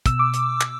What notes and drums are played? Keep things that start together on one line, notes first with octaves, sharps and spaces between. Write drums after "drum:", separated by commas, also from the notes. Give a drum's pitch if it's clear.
B2 E6, drum: kick, hi-hat
D6
drum: hi-hat
drum: clap